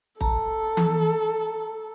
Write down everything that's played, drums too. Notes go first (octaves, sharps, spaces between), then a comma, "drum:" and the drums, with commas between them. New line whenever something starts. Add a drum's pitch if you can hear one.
A4 A5 A#5, drum: kick
drum: tom E3